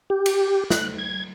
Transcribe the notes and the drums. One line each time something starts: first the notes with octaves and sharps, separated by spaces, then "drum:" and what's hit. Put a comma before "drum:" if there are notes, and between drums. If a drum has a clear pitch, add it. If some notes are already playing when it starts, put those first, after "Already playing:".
G4
drum: cymbal
F#6, drum: snare
G#6